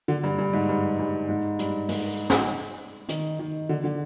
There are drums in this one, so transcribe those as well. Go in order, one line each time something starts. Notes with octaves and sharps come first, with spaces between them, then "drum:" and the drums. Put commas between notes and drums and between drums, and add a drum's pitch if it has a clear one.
D3
G2
G2
G#2
G2
G2
G#2
G2, drum: hi-hat
G#2, drum: open hi-hat
drum: snare
D#3, drum: hi-hat
D#3
D3
D3